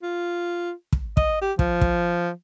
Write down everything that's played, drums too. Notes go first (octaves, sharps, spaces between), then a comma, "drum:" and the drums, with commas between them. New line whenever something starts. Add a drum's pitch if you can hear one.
F4
drum: kick
D#5, drum: kick
G4
F3, drum: kick
drum: kick